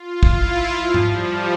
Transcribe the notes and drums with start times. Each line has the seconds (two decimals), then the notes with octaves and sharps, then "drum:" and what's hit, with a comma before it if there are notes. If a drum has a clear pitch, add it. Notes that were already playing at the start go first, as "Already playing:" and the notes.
Already playing: F4
0.23 drum: kick
0.32 E4
0.70 F3
0.94 drum: tom G#2
1.08 G3